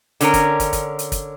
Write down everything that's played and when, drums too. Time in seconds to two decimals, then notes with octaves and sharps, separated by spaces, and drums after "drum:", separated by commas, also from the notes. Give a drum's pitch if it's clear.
0.21 D3 C#4 A#4, drum: hi-hat
0.34 drum: kick, hi-hat
0.60 drum: kick, hi-hat
0.73 drum: kick, hi-hat
0.99 drum: hi-hat
1.12 drum: kick, hi-hat